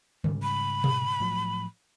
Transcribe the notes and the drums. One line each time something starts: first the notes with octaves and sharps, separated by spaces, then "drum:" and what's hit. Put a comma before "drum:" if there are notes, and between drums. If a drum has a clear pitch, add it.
G#2 C#3 G3, drum: tom D3
B5
drum: tom B2
A2 F3 F#3